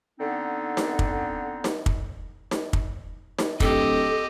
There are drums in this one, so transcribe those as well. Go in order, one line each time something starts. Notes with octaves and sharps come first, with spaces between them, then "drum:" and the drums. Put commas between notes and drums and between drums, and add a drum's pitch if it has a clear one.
D3 B3 C4 D#4
drum: snare D#4
drum: kick
drum: snare D#4
drum: kick
drum: snare D#4
drum: kick
drum: snare D#4
D1 G4 A4 D#5, drum: kick